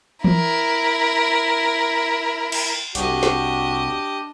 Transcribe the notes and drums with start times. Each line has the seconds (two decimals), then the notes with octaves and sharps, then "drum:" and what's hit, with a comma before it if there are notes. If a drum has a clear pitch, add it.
0.24 E4 A#4, drum: tom E3
2.52 drum: cymbal
2.95 C2 D4 F#4 G4 D#5, drum: hi-hat
3.23 drum: snare